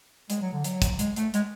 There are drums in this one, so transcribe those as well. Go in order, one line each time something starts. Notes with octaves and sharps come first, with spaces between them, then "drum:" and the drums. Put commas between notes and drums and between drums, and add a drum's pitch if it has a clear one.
G#3, drum: hi-hat
F#3
D3
F#3, drum: hi-hat
drum: kick, hi-hat
G#3, drum: hi-hat
A3, drum: hi-hat
G#3, drum: hi-hat